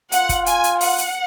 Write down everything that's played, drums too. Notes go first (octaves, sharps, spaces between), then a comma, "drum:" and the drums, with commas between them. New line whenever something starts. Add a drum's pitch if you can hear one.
F4 F#5, drum: hi-hat
drum: kick, hi-hat
G#5, drum: hi-hat
drum: hi-hat
F#5, drum: open hi-hat
drum: hi-hat